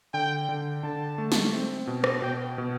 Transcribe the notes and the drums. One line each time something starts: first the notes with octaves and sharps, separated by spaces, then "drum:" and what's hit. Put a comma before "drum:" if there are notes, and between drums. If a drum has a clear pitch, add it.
D3 G5
D3
D3 A5
A3
drum: snare
C4
B2
drum: rim click
B2 G5
B2